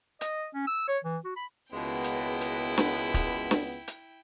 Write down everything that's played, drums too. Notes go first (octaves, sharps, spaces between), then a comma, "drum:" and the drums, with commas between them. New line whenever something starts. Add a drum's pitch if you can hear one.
D#5, drum: hi-hat
C#4
E6
C#5
E3
F#4
B5
C#2 B2 G#3 A#3 B3 E4 G5
drum: hi-hat
drum: hi-hat
drum: snare
drum: kick, hi-hat
drum: snare
drum: hi-hat